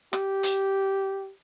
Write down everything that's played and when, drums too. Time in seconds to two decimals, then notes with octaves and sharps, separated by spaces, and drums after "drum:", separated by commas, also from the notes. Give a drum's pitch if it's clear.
0.13 G4, drum: rim click
0.43 drum: hi-hat